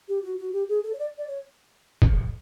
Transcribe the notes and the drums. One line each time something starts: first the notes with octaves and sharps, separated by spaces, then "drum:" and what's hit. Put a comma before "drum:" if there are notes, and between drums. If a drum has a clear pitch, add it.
G4
F#4
F#4
G4
G#4
A4
C#5
D5
D5
C#5
drum: kick